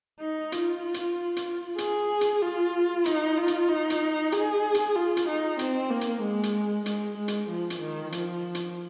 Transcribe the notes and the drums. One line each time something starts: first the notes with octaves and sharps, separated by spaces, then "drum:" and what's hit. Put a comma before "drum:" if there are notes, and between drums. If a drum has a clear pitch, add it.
D#4
F4, drum: hi-hat
drum: hi-hat
drum: hi-hat
G#4, drum: hi-hat
drum: hi-hat
F4
D#4, drum: hi-hat
F4
drum: hi-hat
D#4
drum: hi-hat
G#4, drum: hi-hat
drum: hi-hat
F4
drum: hi-hat
D#4
C4, drum: hi-hat
A#3
drum: hi-hat
G#3
drum: hi-hat
G#3, drum: hi-hat
G#3
drum: hi-hat
F3
drum: hi-hat
D#3
F3, drum: hi-hat
drum: hi-hat